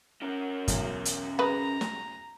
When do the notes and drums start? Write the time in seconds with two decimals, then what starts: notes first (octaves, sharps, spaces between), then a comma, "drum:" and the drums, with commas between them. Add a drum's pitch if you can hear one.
0.22 C#4 A#4
0.68 B1 E2, drum: kick, hi-hat
1.05 drum: hi-hat
1.39 C#3 B4 A#5
1.81 drum: snare